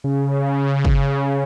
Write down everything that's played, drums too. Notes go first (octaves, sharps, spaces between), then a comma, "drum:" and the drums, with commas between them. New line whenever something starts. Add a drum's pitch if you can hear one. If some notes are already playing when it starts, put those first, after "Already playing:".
C#3
drum: kick G1